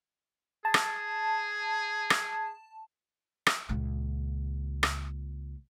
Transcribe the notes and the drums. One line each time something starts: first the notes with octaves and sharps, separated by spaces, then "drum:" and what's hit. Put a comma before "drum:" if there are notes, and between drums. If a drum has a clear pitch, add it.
G#4 A5
drum: rim click
drum: rim click
drum: rim click
C#2 A#2
drum: rim click